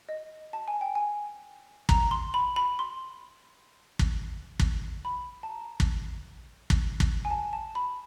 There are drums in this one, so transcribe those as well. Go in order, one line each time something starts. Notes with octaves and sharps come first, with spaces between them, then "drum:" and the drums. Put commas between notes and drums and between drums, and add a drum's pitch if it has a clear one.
D#5
A5
G#5
G5
G#5
A#5, drum: kick
C6
B5
B5
C6
drum: kick
drum: kick
B5
A5
A#5
drum: kick
drum: kick
drum: kick
G#5
A5
A5
B5